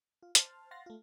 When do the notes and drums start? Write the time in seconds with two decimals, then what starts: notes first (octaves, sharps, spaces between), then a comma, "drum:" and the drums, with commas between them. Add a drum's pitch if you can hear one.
0.23 F4
0.35 C5 A5 F6, drum: hi-hat
0.71 F5 F#5 C6 A6 A#6 C7
0.86 A3 F4